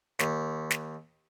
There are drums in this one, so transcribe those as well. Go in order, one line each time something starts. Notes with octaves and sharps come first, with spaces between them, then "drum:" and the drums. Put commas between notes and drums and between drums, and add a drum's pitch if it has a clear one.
D#2, drum: snare
drum: snare